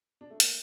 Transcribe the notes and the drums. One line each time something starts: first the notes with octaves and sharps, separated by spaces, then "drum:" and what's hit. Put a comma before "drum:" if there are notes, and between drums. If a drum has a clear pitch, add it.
D4
A3
A#3, drum: hi-hat